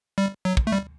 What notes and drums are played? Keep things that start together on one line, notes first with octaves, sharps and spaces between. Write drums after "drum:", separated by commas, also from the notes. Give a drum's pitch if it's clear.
G3
F#3
drum: kick
A3
G3